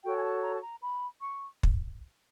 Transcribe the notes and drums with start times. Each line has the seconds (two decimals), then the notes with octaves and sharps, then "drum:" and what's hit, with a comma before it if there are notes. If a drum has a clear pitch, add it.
0.03 F#4 A4 C#5 G5
0.16 G#5
0.23 A5
0.42 A#5
0.54 A5
0.62 A#5
0.81 B5
1.20 C#6
1.63 drum: kick